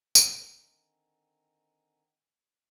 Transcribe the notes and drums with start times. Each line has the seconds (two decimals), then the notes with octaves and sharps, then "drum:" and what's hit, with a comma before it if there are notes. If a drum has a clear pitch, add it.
0.15 D3 D#3 C4 G#5 A#5, drum: tambourine